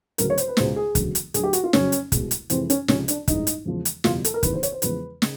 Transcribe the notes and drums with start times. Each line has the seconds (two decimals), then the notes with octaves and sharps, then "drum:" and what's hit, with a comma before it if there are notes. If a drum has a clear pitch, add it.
0.18 D2 C#3 F#3 A#4, drum: hi-hat
0.30 C#5
0.38 C5, drum: hi-hat
0.48 B4
0.57 C#2 B2 G#3 C5, drum: snare
0.76 G#4
0.95 E1 D2 C#3 F#3, drum: kick, hi-hat
1.15 drum: hi-hat
1.34 D2 D3 F#3 G#4, drum: hi-hat
1.44 G4
1.53 F#4, drum: hi-hat
1.64 F4
1.73 F#1 F2 C#3 F#3 C#4, drum: snare
1.92 drum: hi-hat
2.12 C2 B2 G#3, drum: kick, hi-hat
2.31 drum: hi-hat
2.50 F2 C3 E3 G#3 C4, drum: hi-hat
2.70 C#4, drum: hi-hat
2.88 C#2 C3 F3 C#4, drum: snare
3.08 D4, drum: hi-hat
3.28 A1 G2 E3 G#3 D#4, drum: kick, hi-hat
3.47 drum: hi-hat
3.65 E2 C#3 F3 G#3
3.85 drum: hi-hat
4.04 F#1 E2 B2 G3 F4, drum: snare
4.25 A4, drum: hi-hat
4.34 A#4
4.43 D#2 C#3 E3 B4, drum: kick, hi-hat
4.53 C5
4.63 C#5, drum: hi-hat
4.72 C5
4.82 E2 C#3 F3 G#3 B4, drum: hi-hat
5.22 C#3, drum: snare